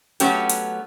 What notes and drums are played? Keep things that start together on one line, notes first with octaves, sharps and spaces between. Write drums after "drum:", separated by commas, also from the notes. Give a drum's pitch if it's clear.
F#3 A3 B3 C#4 G4, drum: hi-hat
drum: hi-hat